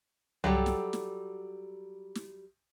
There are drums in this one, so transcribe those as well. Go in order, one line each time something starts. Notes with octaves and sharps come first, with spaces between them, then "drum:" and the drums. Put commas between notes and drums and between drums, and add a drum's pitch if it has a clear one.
F#3 G3 G4 A4, drum: tom C2
drum: snare
drum: snare
drum: snare